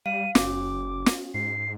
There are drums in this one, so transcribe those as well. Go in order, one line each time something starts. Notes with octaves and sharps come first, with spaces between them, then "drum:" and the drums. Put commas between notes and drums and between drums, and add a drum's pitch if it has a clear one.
G3 F5 D#7
F#1 C#4 F#4 D6, drum: snare
drum: snare
G#2 C7